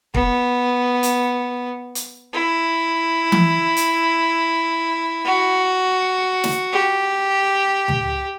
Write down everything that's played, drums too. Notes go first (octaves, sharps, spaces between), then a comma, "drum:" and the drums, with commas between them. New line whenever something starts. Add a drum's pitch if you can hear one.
B3, drum: kick
drum: hi-hat
drum: hi-hat
E4
drum: tom E3
drum: hi-hat
F#4
drum: snare
G4
drum: tom D2